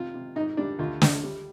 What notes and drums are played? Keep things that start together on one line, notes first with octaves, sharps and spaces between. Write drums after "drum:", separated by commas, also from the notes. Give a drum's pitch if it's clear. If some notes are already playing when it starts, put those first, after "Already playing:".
Already playing: C3 F4
C3
G#2 D#4
G3 D4
D2 F4
D2, drum: snare
G3